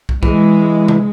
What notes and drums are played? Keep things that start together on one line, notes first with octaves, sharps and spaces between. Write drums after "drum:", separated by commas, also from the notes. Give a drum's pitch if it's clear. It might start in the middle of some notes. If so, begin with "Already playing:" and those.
drum: kick
E3 G#3, drum: kick
drum: tom C3